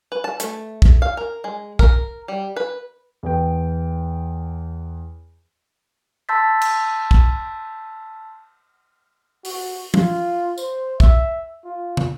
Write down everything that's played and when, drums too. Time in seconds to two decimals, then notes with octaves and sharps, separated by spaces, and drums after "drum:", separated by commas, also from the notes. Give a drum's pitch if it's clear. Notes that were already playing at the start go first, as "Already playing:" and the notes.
0.12 B4
0.24 A5
0.40 A3, drum: hi-hat
0.82 drum: kick
1.02 F5
1.17 A#4
1.44 G#3
1.79 A#4, drum: kick
2.28 G3
2.56 B4
3.23 E2 B4 G5
6.29 A5 C6 E6 G6 A6 B6
6.61 drum: cymbal
7.11 drum: kick
9.45 F#4, drum: open hi-hat
9.94 F4, drum: tom
10.58 C5, drum: tambourine
11.00 E5, drum: kick
11.65 F4
11.97 drum: tom